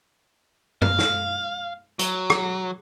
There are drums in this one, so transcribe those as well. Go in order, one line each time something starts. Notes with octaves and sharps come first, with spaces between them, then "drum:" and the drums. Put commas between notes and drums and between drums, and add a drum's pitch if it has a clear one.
F5, drum: tom F#2
drum: snare
F#3, drum: hi-hat
drum: rim click